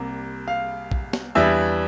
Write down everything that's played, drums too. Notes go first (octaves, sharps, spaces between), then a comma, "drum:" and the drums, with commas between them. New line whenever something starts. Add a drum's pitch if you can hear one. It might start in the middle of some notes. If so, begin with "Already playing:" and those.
Already playing: C2 C3 G3 A#3
F5
drum: kick
drum: snare
E2 E3 G3 D4 E5